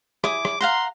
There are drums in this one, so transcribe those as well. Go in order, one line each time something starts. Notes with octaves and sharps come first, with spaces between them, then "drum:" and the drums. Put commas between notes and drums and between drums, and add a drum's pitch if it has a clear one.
E4 G#5 D6 D#6, drum: rim click
drum: rim click
F5 F#5 A#5 C6